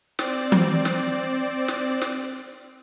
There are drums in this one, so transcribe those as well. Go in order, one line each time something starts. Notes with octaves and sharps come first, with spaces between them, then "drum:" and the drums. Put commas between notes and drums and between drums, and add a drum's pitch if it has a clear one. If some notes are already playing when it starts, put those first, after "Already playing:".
C4 D5, drum: snare
drum: tom E3
drum: snare
drum: snare
drum: snare